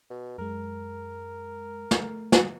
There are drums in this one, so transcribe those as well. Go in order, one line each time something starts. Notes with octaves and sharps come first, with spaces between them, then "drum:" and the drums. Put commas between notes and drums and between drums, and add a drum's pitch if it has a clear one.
B2
F#2 G#3 A#4
A3, drum: snare
drum: snare